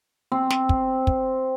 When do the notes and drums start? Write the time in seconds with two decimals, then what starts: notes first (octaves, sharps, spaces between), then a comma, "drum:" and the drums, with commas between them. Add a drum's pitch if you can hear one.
0.32 C4
0.50 drum: snare
0.69 drum: kick
1.07 drum: kick